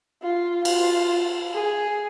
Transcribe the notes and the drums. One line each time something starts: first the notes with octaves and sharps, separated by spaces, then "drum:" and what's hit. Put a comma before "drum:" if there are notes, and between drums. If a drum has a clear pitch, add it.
F4
F4, drum: cymbal
G#4